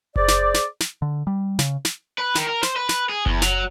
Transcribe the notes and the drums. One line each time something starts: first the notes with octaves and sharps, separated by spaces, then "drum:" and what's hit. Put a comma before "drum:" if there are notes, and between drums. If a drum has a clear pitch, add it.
G#4 C5 D5, drum: kick F#1
drum: snare
drum: snare
drum: snare
D3
G3
C#3, drum: snare
drum: snare
B4
D#3, drum: snare
A#4
C5, drum: snare
B4
B4, drum: snare
G#4
E2, drum: kick F#1
F#3, drum: snare